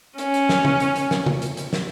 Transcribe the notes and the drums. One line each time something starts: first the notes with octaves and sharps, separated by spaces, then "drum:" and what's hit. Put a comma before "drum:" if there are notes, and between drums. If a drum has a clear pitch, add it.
C#4, drum: hi-hat
drum: hi-hat
drum: snare
drum: tom
drum: hi-hat
drum: hi-hat
drum: snare
drum: tom
drum: hi-hat
drum: hi-hat
drum: snare